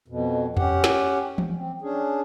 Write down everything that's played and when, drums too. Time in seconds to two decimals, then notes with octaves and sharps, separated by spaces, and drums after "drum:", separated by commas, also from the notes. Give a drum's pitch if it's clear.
0.08 F2 B2
0.57 C#4 G4 F#5, drum: tom E2
0.84 drum: snare
1.38 drum: tom E3
1.57 C4
1.82 C#4 D4 G#4